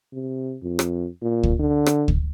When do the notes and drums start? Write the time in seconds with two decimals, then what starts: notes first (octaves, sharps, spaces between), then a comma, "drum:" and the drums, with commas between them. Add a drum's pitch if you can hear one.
0.13 C3
0.63 F2
0.79 drum: rim click
1.22 A#2
1.43 drum: kick
1.60 D3
1.86 drum: rim click
2.08 drum: kick